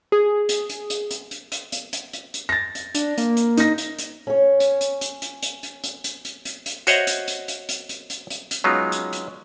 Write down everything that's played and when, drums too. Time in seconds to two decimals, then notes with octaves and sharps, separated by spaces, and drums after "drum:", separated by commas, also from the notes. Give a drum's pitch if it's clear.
0.12 G#4
0.49 drum: hi-hat
0.69 drum: hi-hat
0.90 drum: hi-hat
1.11 drum: hi-hat
1.31 drum: hi-hat
1.52 drum: hi-hat
1.72 drum: hi-hat
1.93 drum: hi-hat
2.13 drum: hi-hat
2.34 drum: hi-hat
2.49 A6 A#6
2.75 drum: hi-hat
2.95 D4, drum: hi-hat
3.18 A#3, drum: hi-hat
3.37 drum: hi-hat
3.57 D#4 A#6, drum: hi-hat
3.78 drum: hi-hat
3.99 drum: hi-hat
4.27 C#4 C#5
4.60 drum: hi-hat
4.81 drum: hi-hat
5.01 drum: hi-hat
5.22 drum: hi-hat
5.43 drum: hi-hat
5.63 drum: hi-hat
5.84 drum: hi-hat
6.04 drum: hi-hat
6.25 drum: hi-hat
6.45 drum: hi-hat
6.66 drum: hi-hat
6.87 F#4 C5 C#5 D#5 E5 F#5, drum: hi-hat
7.07 drum: hi-hat
7.28 drum: hi-hat
7.48 drum: hi-hat
7.69 drum: hi-hat
7.89 drum: hi-hat
8.10 drum: hi-hat
8.30 drum: hi-hat
8.51 drum: hi-hat
8.64 F#3 G#3 B3 C#4 D#4 F4
8.92 drum: hi-hat
9.13 drum: hi-hat